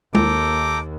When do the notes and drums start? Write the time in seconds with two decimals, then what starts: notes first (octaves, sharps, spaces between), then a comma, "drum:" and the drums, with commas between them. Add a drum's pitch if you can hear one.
0.15 D#2 A4 A#5 D6 G6, drum: tom G#3